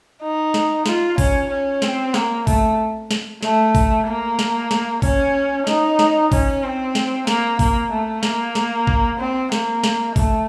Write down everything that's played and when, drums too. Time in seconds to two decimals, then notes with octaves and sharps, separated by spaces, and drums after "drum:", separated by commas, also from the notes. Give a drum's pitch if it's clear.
0.22 D#4
0.54 drum: snare
0.86 F4, drum: snare
1.18 C#4, drum: kick, open hi-hat
1.50 C#4
1.82 C4, drum: snare
2.14 A#3, drum: snare
2.47 A3, drum: kick, open hi-hat
3.11 drum: snare
3.43 A3, drum: snare
3.75 drum: kick, open hi-hat
4.07 A#3
4.39 drum: snare
4.71 drum: snare
5.02 C#4, drum: kick, open hi-hat
5.67 D#4, drum: snare
5.99 drum: snare
6.32 C#4, drum: kick, open hi-hat
6.63 C4
6.95 drum: snare
7.27 A#3, drum: snare
7.59 A#3, drum: kick, open hi-hat
7.92 A3
8.23 A#3, drum: snare
8.55 drum: snare
8.87 drum: kick
9.19 C4
9.52 A#3, drum: snare
9.84 drum: snare
10.16 A3, drum: kick, open hi-hat